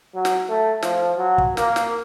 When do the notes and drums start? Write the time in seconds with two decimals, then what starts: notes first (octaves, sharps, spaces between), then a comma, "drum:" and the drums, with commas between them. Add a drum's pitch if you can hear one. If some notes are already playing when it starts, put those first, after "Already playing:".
0.15 F#3
0.25 drum: snare
0.49 A3
0.83 F3, drum: snare
1.18 F#3
1.38 drum: kick
1.57 A#3, drum: snare
1.76 drum: snare